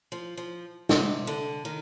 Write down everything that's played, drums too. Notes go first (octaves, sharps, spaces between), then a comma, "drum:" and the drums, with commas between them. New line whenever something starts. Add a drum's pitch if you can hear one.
F3
F3
C3, drum: snare
D3
D#3